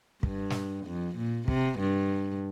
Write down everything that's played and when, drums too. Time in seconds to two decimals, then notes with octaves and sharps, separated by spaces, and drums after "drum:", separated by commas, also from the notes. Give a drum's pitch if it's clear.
0.23 G2, drum: kick
0.50 drum: snare
0.86 F2
1.17 A#2
1.48 C3, drum: kick
1.79 G2